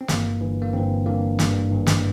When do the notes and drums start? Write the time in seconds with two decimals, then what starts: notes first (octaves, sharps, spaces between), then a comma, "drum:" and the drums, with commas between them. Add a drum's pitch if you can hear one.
0.01 C4
0.08 G1 G2 E3 A#3, drum: snare
0.41 G1 G2 E3
0.62 A#3
0.74 G1 G2 E3 C4
1.06 G1 G2 E3 A#3
1.39 G#1 G2 E3, drum: snare
1.71 G#1 G2 E3
1.87 drum: snare